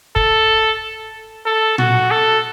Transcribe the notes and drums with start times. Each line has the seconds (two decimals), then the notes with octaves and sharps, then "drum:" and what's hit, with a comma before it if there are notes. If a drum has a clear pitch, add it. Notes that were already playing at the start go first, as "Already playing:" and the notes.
0.16 A4, drum: kick
1.46 A4
1.78 F#4, drum: tom A#2
2.11 A4